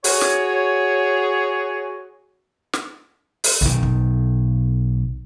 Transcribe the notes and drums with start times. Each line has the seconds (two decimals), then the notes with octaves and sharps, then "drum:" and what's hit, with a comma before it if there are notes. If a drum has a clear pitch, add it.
0.04 F#4 G#4 C#5, drum: open hi-hat
0.21 drum: snare
2.73 drum: snare
3.44 drum: open hi-hat
3.61 B1 D#3, drum: kick
3.83 drum: kick